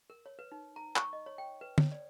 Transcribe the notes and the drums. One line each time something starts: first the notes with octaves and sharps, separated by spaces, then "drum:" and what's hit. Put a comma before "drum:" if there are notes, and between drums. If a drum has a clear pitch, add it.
A#4
C#5
B4
D#4
A#5
C#6, drum: clap
D#5
C#5
G5
B4
C#5, drum: tom
D5